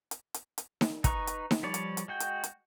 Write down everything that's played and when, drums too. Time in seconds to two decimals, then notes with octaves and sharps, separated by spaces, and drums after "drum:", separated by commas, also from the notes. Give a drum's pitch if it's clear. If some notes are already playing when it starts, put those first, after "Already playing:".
0.11 drum: hi-hat
0.34 drum: hi-hat
0.58 drum: hi-hat
0.81 drum: snare D#4
1.04 D#4 B4 A#5 C#6, drum: kick, hi-hat
1.27 drum: hi-hat
1.51 drum: snare D#4
1.63 F3 G3 C#5 D5
1.74 drum: hi-hat
1.97 drum: hi-hat
2.08 G#3 F#4 G5
2.20 drum: hi-hat
2.44 drum: hi-hat